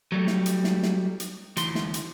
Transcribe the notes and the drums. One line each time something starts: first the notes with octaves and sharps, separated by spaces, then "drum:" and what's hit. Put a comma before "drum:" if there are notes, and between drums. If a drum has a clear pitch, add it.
F#3 G3 A3
drum: snare
drum: hi-hat
drum: snare
drum: snare
drum: hi-hat
D2 E3 C6, drum: hi-hat
drum: snare
drum: hi-hat